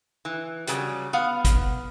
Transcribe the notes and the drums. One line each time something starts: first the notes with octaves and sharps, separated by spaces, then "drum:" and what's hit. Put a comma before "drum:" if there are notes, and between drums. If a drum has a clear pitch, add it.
E3
C#3 F#3 G3, drum: hi-hat
B3 F5 F#5
drum: kick G#1, hi-hat